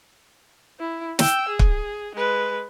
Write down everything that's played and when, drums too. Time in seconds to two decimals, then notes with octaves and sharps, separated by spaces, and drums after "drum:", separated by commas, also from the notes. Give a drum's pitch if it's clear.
0.79 E4
1.19 G5 E6, drum: snare
1.48 G#4
1.59 drum: kick
2.15 G#3 B4